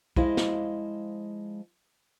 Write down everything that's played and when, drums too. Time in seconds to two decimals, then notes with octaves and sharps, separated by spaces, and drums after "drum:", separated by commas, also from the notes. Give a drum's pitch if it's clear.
0.16 F3 G#3 E4 C5 D#5 F5, drum: kick
0.37 drum: snare